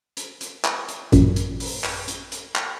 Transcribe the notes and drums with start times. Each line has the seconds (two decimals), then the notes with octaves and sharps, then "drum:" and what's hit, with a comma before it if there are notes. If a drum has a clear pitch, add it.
0.17 drum: hi-hat
0.41 drum: hi-hat
0.65 drum: clap
0.88 drum: hi-hat
1.12 A1 F#2 A#2, drum: hi-hat
1.36 drum: hi-hat
1.60 drum: open hi-hat
1.84 drum: clap
2.08 drum: hi-hat
2.32 drum: hi-hat
2.56 drum: clap